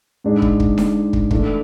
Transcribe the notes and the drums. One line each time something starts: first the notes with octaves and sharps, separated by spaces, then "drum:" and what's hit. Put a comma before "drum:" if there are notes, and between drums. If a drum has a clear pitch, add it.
G#2 G#3 D4
drum: kick
drum: kick
drum: snare D4
drum: kick
E3 A3 D4, drum: kick